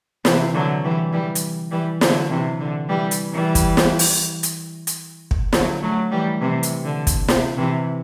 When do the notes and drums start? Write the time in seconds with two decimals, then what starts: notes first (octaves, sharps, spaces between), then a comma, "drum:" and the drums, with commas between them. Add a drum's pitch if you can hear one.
0.25 C3 E3, drum: snare
0.54 D3 F#3
0.85 E3 G3
1.13 E3 G3
1.35 drum: hi-hat
1.71 E3 G3
2.01 D3 F#3, drum: snare
2.30 C3 E3
2.60 D3
2.89 E3 G3
3.11 drum: hi-hat
3.33 E3 G3
3.55 drum: kick, hi-hat
3.77 drum: snare
3.99 drum: open hi-hat
4.43 drum: hi-hat
4.87 drum: hi-hat
5.31 drum: kick
5.53 D3 F#3, drum: snare
5.82 F#3 A3
6.12 E3 G3
6.41 C3 E3
6.63 drum: hi-hat
6.85 D3
7.07 drum: kick, hi-hat
7.28 C3, drum: snare
7.57 C3 E3